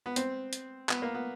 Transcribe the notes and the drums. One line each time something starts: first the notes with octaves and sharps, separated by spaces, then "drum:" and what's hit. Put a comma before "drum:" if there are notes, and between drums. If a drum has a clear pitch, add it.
B3
C4, drum: hi-hat
drum: hi-hat
B3, drum: clap
A#3
B3